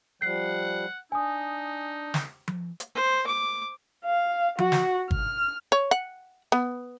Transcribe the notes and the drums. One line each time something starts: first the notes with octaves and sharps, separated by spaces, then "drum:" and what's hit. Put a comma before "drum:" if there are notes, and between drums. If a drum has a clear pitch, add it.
F3 G3 F#5 C7
D4 D#4 G#5 D#6
drum: snare
drum: tom F3
drum: hi-hat
C5
D6
F5
F#4, drum: tom F3
drum: snare
F6, drum: kick G1
C#5
F#5
B3